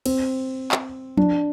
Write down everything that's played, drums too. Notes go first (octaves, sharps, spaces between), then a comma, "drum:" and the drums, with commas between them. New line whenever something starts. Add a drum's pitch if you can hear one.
C4, drum: cymbal
drum: clap
D4, drum: tom F3